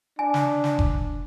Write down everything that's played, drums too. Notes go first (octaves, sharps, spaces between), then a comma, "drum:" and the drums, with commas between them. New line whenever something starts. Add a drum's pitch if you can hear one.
D4 G#5
drum: snare
drum: snare
drum: kick F1